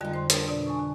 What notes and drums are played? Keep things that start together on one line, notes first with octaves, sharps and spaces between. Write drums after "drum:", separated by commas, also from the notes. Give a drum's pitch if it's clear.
F2 D3 G3 G#3 D#4
D#4 C5 C6
D4 A4 A#4, drum: hi-hat
B2 D5
G#5 C#6
D3